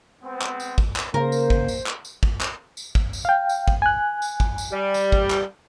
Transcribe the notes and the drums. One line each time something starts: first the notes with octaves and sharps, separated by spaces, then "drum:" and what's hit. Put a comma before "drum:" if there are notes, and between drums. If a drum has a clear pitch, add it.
G#3 B3 C4
drum: clap
drum: tambourine
drum: kick
drum: clap
C#3 A#3 A#4 C5
drum: tambourine
drum: kick
drum: tambourine
drum: clap
drum: tambourine
drum: kick
drum: clap
drum: tambourine
drum: kick
drum: tambourine
F5 G5
drum: tambourine
drum: kick
G#5 F#6
drum: tambourine
drum: kick
drum: tambourine
G3
drum: tambourine
drum: kick
drum: clap